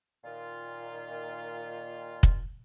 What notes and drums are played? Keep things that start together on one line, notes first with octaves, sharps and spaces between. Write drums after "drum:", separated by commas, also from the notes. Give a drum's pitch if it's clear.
A#2 D#3 F4
drum: kick